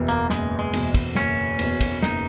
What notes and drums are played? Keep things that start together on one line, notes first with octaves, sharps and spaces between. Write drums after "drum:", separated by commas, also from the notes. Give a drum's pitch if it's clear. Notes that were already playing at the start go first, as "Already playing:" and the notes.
Already playing: F#1 E2 B2
A#3
F#1 G#3, drum: snare
G#3
E2 B2, drum: cymbal
drum: kick, cymbal
F#1 C#4, drum: snare
E2 B2, drum: cymbal
drum: kick, cymbal
F#1 D#4, drum: snare